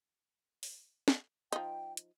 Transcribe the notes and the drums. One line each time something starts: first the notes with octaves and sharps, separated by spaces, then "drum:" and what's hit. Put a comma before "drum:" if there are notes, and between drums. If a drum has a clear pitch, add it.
drum: open hi-hat
drum: snare
F3 D#4 G5, drum: hi-hat
drum: hi-hat